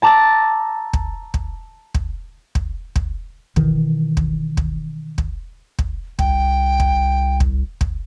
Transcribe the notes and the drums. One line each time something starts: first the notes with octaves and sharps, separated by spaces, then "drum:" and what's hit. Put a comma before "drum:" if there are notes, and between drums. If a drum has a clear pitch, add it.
A5 A#5 D6 E6 A6 A#6
drum: kick
drum: kick
drum: kick
drum: kick
drum: kick
B2 D#3 E3, drum: kick
drum: kick
drum: kick
drum: kick
drum: kick
C2 G5, drum: kick
drum: kick
drum: kick
drum: kick